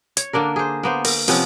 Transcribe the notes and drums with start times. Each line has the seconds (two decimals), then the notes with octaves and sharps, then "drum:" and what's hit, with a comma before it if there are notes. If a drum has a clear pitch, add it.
0.17 C#5, drum: hi-hat
0.33 D3 A#3 D4 A#4
0.56 G#4 C5
0.83 A#3 B3 C5
1.05 A#4, drum: open hi-hat
1.28 C3 F3 B3 C#4, drum: open hi-hat